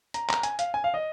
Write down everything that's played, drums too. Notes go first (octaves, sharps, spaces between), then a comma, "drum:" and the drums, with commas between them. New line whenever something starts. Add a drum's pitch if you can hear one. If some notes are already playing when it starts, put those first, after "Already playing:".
A#5, drum: hi-hat
A#5, drum: clap
G#5, drum: hi-hat
F5, drum: hi-hat
G#5
F5
D#5